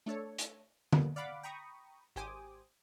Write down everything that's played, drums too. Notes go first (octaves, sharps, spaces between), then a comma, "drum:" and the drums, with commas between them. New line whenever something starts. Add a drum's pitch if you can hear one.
A3 D4 A4 C#5
drum: hi-hat
D#2 D3 F3 G3 A#3 B3, drum: tom
D5 F5 F#5 B5 D6
G5 A#5 B5 C#6 D#6
G#1 G4 C5 G#5 D6 D#6